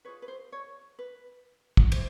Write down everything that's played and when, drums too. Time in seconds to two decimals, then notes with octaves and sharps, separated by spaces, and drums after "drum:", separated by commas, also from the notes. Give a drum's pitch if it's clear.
0.05 F4 G#4 B4 C#5
0.22 B4
0.28 C5
0.52 C#5
0.99 B4
1.77 drum: kick
1.92 E4 C5, drum: cymbal